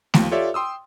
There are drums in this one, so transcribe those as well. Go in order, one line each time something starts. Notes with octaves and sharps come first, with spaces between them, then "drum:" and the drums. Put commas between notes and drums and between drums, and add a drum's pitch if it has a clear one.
D#2 F3, drum: snare A3
F4 G4 A4 C#5 D5 E5
G5 C6 D#6 E6